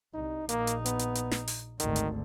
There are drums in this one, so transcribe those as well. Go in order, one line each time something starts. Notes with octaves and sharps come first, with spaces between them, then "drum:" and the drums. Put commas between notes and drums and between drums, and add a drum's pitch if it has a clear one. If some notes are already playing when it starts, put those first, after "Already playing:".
C2 D#4
A#1 A#3 D#4, drum: hi-hat
drum: hi-hat
B3, drum: hi-hat
drum: hi-hat
drum: hi-hat
drum: snare
drum: open hi-hat
G#1 D2 D#3, drum: hi-hat
drum: hi-hat